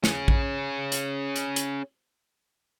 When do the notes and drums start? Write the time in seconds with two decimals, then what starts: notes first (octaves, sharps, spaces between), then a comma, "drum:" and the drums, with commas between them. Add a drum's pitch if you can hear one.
0.04 C#4 G#4, drum: snare
0.28 drum: kick
0.92 drum: hi-hat
1.36 drum: hi-hat
1.56 drum: hi-hat